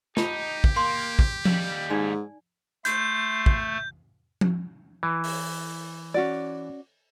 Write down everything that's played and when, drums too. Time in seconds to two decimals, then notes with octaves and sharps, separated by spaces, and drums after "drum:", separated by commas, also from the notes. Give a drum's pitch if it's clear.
0.17 D#4 G4 A5 B5, drum: snare
0.64 drum: kick
0.76 A#3 C6
1.19 drum: kick
1.45 D#2 G3, drum: tom F3
1.90 G#2 D#4 D5 G#5
2.85 A3 C6 G6, drum: hi-hat
3.46 drum: kick
4.41 drum: tom F3
5.03 E3
5.24 drum: open hi-hat
6.14 C#4 F#4 D5